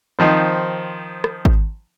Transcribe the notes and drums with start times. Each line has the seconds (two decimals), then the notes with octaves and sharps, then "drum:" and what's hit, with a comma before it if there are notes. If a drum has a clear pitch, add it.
0.19 D#3 F3 C4
1.24 drum: rim click
1.45 drum: kick G#1